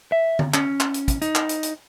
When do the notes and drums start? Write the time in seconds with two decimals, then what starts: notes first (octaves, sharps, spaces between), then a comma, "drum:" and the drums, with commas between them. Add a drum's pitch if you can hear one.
0.12 E5
0.39 drum: tom D3
0.54 C#4, drum: clap
0.80 drum: clap
0.94 drum: hi-hat
1.08 drum: kick, hi-hat
1.22 D#4, drum: hi-hat
1.35 drum: clap
1.49 drum: hi-hat
1.63 drum: hi-hat